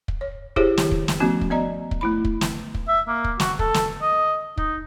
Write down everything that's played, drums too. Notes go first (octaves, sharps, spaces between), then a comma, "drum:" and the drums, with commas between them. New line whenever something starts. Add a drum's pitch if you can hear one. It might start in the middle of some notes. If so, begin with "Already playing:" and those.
drum: kick
C#5
E4 G4 G#4 C5 C#5, drum: kick
D#3, drum: snare
drum: kick
drum: snare
F3 A3 B3 C#4 F#4
drum: kick
B3 D5 D#5 A#5
drum: kick
A3 E4 B5
drum: kick
drum: snare
drum: kick
E5
A#3
drum: kick
F#4, drum: snare
A4, drum: kick
drum: snare
D#5
D#4, drum: kick